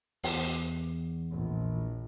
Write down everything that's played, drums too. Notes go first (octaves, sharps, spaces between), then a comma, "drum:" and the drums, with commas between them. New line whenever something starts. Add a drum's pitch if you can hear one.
E2, drum: open hi-hat
A#1